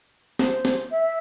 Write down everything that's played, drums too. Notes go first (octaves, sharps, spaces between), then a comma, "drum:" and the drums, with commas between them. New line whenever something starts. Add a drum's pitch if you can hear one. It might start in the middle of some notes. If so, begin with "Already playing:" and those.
C5, drum: snare
drum: snare
E5